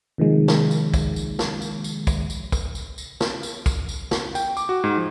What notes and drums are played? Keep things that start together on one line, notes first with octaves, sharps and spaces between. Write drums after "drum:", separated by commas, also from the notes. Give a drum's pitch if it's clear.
C3 D#3 F3 G#3 A#3
drum: snare
drum: tambourine
drum: kick, tambourine
drum: tambourine
drum: snare
drum: tambourine
drum: tambourine
drum: kick, tambourine
drum: tambourine
drum: kick, tambourine
drum: tambourine
drum: tambourine
drum: snare
drum: tambourine
drum: kick, tambourine
drum: tambourine
drum: snare
G5, drum: tambourine
D6, drum: tambourine
F#4
G#2
F3